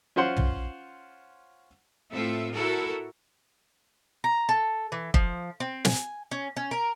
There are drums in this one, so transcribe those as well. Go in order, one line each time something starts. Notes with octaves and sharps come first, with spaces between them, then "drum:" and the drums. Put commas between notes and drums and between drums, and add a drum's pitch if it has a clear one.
C#4 F4 C5 F#5 C6
drum: tom
A2 C4 F4 A4 E5
E4 F#4 A4 A#4
A#5
A4
E3
F3, drum: kick
C4
G#5, drum: snare
C#4
C#4
A#4